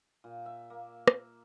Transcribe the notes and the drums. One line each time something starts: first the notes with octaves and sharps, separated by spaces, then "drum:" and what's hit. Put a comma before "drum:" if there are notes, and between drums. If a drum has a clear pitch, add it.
A#2
E5
A#3
drum: rim click